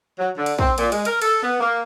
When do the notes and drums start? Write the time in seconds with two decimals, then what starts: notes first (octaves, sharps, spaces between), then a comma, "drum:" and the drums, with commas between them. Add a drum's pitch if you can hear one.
0.18 F#3
0.37 D3
0.46 drum: cymbal
0.59 C4, drum: kick
0.78 A#2, drum: cymbal
0.92 G#3, drum: cymbal
1.05 A#4, drum: cymbal
1.22 A4, drum: cymbal
1.42 B3
1.60 A#3